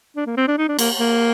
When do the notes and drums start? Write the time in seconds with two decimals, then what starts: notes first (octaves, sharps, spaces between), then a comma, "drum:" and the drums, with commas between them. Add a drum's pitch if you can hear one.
0.17 D4
0.27 A#3
0.37 C4
0.48 D4
0.58 D#4
0.69 D4
0.79 A#3, drum: cymbal
1.00 A#3